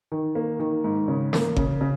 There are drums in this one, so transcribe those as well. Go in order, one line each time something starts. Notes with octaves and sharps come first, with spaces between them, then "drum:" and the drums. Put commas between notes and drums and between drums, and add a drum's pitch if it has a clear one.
D#3
A#3
D#3
G#2
C#3
A#3, drum: snare
C#3, drum: kick G1
C#3